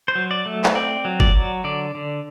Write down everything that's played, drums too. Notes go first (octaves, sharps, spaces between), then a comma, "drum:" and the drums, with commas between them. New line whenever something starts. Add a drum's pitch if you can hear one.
C5
F#3
D5
A3
drum: clap
C4 D5
F#3
D5, drum: kick G1
F#3
D3 D5
D3